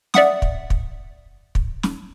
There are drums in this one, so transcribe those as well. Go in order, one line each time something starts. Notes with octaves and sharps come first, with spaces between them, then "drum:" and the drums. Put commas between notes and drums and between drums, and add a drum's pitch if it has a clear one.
D5 E5 F#5 D#6, drum: snare
drum: kick
drum: kick
drum: kick
drum: snare